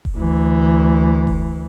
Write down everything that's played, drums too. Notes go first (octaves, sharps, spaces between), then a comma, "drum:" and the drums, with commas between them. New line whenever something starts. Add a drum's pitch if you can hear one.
drum: kick F1
D2 E3
drum: kick F1